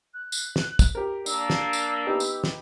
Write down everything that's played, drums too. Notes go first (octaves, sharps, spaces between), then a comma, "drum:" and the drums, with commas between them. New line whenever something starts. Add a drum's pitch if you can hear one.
F#6
drum: tambourine
drum: snare
drum: kick, tambourine
G4 A#4
A#3 D4 E6, drum: tambourine
drum: snare
drum: tambourine
B3 D#4 G4
drum: tambourine
drum: snare